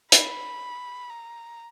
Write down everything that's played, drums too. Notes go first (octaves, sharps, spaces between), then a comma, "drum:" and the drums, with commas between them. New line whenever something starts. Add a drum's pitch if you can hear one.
B5, drum: hi-hat
A#5